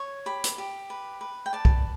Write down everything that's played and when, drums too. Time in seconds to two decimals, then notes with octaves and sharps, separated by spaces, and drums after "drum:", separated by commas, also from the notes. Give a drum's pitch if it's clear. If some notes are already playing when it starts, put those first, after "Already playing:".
Already playing: C#5
0.26 G4 B5
0.44 drum: hi-hat
0.58 G4
0.90 B4
1.21 B4
1.46 G5
1.53 D5 A5
1.65 drum: kick